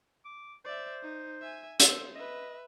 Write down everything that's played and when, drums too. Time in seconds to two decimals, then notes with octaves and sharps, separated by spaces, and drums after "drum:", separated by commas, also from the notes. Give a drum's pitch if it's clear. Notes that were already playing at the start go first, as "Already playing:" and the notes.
0.25 D6
0.65 C5 D5 E5
1.03 D#4
1.42 E5 G#5
1.80 C5 E6, drum: hi-hat
2.15 B4 D#5 E5